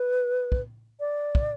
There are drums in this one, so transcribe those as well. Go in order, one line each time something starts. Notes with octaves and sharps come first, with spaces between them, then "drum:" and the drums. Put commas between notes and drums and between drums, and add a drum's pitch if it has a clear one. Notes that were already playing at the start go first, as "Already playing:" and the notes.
Already playing: B4
drum: kick
D5
drum: kick